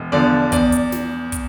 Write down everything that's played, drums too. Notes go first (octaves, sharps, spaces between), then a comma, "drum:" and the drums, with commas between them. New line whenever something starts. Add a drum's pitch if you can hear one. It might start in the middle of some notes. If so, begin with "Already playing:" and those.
Already playing: E1
E2 D3 F3 D5
E2 D5, drum: kick, hi-hat
drum: hi-hat
drum: snare
drum: kick, hi-hat